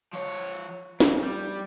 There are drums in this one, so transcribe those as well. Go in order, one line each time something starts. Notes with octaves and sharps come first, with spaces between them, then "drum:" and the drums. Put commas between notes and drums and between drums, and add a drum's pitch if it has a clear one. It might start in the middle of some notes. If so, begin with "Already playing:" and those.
F3 C#5
F2, drum: snare
G3